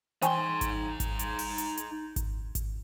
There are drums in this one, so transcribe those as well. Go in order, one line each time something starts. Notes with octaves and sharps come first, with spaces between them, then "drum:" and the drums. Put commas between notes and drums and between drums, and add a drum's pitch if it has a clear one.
E3 D#4 G5 G#5 C6, drum: hi-hat
drum: kick G#1, hi-hat
drum: kick G#1, hi-hat
drum: hi-hat
drum: open hi-hat
drum: hi-hat
drum: hi-hat
drum: kick G#1, hi-hat
drum: kick G#1, hi-hat